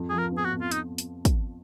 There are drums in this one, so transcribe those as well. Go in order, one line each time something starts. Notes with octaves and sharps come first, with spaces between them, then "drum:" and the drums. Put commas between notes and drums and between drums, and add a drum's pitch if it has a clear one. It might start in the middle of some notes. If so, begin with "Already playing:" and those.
Already playing: F2
F3 G#4
A#4
B3
G#4
F#4
F2
F4
D#4, drum: hi-hat
drum: hi-hat
drum: kick, hi-hat